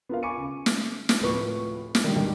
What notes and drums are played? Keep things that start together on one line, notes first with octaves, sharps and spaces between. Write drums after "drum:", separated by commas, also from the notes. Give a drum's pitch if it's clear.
B3 F4 A#4 F5
G#5 B5 C#6 D6 C#7 D#7
C#3
drum: snare
drum: snare
D1 A2 C3 F3 B4 C#6
drum: snare
D3 D#3 G3 D4
D1 D#3 G3 G5